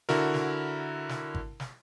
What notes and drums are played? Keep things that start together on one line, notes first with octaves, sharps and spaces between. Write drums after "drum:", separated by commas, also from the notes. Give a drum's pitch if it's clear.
D3 E4 F#4 A#4, drum: snare
drum: snare
drum: snare
drum: kick G#1
drum: snare